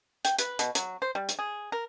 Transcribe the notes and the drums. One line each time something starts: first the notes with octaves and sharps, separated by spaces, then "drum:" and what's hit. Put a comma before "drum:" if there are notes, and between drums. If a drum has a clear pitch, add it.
G5, drum: hi-hat
B4, drum: hi-hat
B2, drum: hi-hat
F#3, drum: hi-hat
C5
G3
drum: hi-hat
G#4
A#4